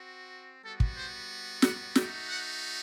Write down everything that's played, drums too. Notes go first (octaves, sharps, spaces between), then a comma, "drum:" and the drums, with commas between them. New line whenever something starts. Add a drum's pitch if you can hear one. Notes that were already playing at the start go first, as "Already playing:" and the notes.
Already playing: C4 F#4
G3 B3 F#4 A4
drum: kick
C5
F#5, drum: snare
A3 D#4 F#4 G5, drum: snare
F#5